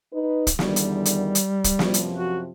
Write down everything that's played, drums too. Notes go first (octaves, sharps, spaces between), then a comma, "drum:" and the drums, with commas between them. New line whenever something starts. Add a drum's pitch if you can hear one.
D#4 B4
drum: kick, hi-hat
E2 D3 D#3 G3, drum: snare
drum: hi-hat
drum: hi-hat
drum: hi-hat
drum: kick, hi-hat
F#2 C3 F3, drum: snare
drum: hi-hat
F#4